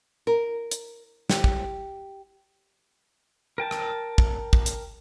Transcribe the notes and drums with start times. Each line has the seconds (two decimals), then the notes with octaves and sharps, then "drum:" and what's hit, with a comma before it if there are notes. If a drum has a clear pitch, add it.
0.27 A#4
0.71 drum: hi-hat
1.30 G4, drum: snare
1.44 drum: kick
3.58 A#4 G5 A5
3.71 drum: rim click
4.18 drum: kick
4.53 drum: kick
4.66 drum: hi-hat